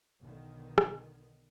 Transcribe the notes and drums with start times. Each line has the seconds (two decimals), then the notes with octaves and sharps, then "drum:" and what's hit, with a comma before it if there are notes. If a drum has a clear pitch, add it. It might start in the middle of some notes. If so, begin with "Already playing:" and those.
0.21 B1 D3 D#3
0.78 drum: rim click